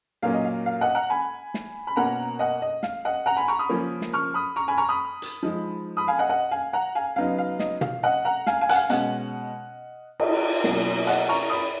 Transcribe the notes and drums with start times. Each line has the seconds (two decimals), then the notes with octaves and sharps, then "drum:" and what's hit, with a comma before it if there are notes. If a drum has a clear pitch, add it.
0.22 A#2 F#3 A#3 C#4 F5
0.34 D#5
0.45 F5
0.66 F5
0.81 D#5 F#5
0.95 F#5 A#5
1.10 G#5 B5
1.54 drum: snare
1.87 B5
1.96 B2 A#3 C#4 F#5 A#5
2.39 D#5 F#5
2.62 D#5
2.83 F5, drum: snare
3.05 D#5 F#5
3.26 F#5 A#5
3.37 G#5 B5
3.48 A#5 C#6
3.59 B5 D#6
3.69 C#3 F3 A#3 C#4
4.02 drum: snare
4.13 C#6 F6
4.34 B5 D#6
4.56 A#5 C#6
4.68 G#5 B5
4.78 A#5 C#6
4.89 B5 D#6
5.22 drum: hi-hat
5.43 F3 G#3 D#4
5.97 B5 D#6
6.08 F5 G#5
6.19 D#5 F#5
6.29 D#5 F#5
6.51 F5 G#5
6.73 F#5 A#5
6.95 F5 G#5
7.16 C#3 F#3 B3 D#4 F5
7.38 F5
7.59 D#5, drum: snare
7.81 F5, drum: tom
8.03 D#5 F#5
8.25 F#5 A#5
8.47 F5 G#5, drum: snare
8.61 F5 G#5
8.69 F#5, drum: hi-hat
8.75 F5 G#5
8.89 B2 G#3 C#4 D#5 F#5, drum: hi-hat
10.20 D#5, drum: cymbal
10.64 B2 F#3 A#3 C#4, drum: snare
11.07 D#5 F#5, drum: hi-hat
11.29 A#5 C#6
11.50 B5 D#6